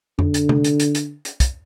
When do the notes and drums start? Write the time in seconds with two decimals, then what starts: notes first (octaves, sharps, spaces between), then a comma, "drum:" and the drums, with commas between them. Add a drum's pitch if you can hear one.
0.19 D3, drum: tom F2
0.34 drum: hi-hat
0.49 drum: tom C3
0.64 drum: hi-hat
0.80 drum: hi-hat
0.95 drum: hi-hat
1.25 drum: hi-hat
1.40 drum: kick, hi-hat